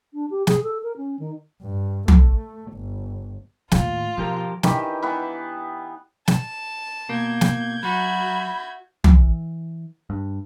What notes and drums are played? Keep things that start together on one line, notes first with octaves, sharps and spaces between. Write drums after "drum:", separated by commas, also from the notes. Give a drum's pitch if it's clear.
D4
G4
G#4, drum: snare
A4
A#4
C#4
D#3
G2
A3, drum: tom
G1
D#2 A2 F4, drum: snare
B2 F3 G4 A#4
D#3 E3 G4, drum: snare
E3 B3
A5, drum: snare
B2 A#3 G6 G#6
drum: snare
F#3 F#4 E5 B5
E3, drum: tom
G2